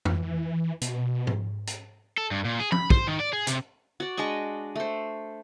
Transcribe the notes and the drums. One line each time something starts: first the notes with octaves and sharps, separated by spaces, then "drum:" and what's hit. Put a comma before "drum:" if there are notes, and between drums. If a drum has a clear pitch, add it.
E3, drum: tom F2
B2, drum: hi-hat
drum: tom G#2
drum: hi-hat
A4
G2
A#2
G#4
B5, drum: tom F3
C5, drum: kick
D#3
D5
G#4
C3, drum: hi-hat
F#4 D5
G#3 D4 D#5 C#6
A3 C5